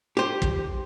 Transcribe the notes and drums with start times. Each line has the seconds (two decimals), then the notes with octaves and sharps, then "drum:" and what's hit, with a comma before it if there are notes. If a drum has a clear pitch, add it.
0.17 G4 C5
0.42 drum: kick